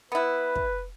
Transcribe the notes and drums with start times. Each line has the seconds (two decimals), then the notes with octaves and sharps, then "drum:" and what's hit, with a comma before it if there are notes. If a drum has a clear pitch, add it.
0.12 B3 E4 B4
0.55 drum: kick